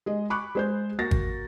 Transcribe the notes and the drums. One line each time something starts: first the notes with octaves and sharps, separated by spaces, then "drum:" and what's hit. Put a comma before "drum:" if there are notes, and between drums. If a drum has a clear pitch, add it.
G#3 D#5
B5 C#6 D6 F#6
G#3 C5 G6
A#3 F#4 A6 A#6
drum: kick G#1